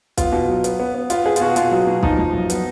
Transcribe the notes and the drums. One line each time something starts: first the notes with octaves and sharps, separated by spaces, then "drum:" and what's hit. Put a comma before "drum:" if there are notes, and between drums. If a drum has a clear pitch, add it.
B3 F4, drum: kick, hi-hat
B2
F#3
B3, drum: hi-hat
B3
B3
B3 F4, drum: hi-hat
B3 G#4
F4, drum: hi-hat
B2 F#4
B2 F4, drum: hi-hat
F#3
B2
F3 D#4, drum: kick
F3
F#2
B3, drum: hi-hat